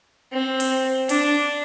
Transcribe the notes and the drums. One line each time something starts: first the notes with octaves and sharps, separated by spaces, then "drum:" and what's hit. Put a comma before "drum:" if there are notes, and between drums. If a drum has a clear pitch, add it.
C4
drum: open hi-hat
D4, drum: open hi-hat